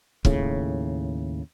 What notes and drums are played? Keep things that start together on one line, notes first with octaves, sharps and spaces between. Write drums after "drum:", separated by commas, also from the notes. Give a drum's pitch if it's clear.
D#2 A2 C#3, drum: kick